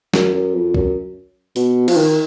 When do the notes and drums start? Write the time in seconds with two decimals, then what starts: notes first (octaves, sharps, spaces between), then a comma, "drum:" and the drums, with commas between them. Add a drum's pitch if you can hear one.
0.14 F#2, drum: snare
0.34 F#2
0.54 F2
0.74 F#2, drum: kick
1.56 B2, drum: open hi-hat
1.88 F3, drum: cymbal
1.96 D#3